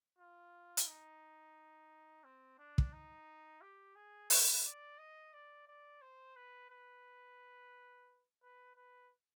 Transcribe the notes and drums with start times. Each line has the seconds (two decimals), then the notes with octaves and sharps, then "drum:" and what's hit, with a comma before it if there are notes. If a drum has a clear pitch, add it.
0.18 F4
0.77 drum: hi-hat
0.87 D#4
2.24 C4
2.58 D4
2.78 drum: kick
2.92 D#4
3.61 G4
3.96 G#4
4.30 B4, drum: open hi-hat
4.65 D5
4.98 D#5
5.33 D5
5.67 D5
6.02 C5
6.36 B4
6.70 B4
8.42 B4
8.76 B4